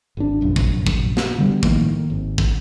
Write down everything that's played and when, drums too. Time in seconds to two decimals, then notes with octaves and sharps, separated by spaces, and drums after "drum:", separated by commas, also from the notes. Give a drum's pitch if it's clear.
0.17 G#1 D4
0.41 F1 A#1 F#2
0.56 drum: kick
0.87 drum: kick
1.17 drum: snare
1.38 D3 G3 B3
1.63 A2 D#3 F3 A#3, drum: kick
2.10 G#1
2.38 drum: kick